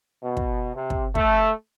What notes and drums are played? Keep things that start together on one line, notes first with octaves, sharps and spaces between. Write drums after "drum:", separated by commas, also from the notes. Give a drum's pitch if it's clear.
B2
drum: kick
C3
drum: kick
A3, drum: kick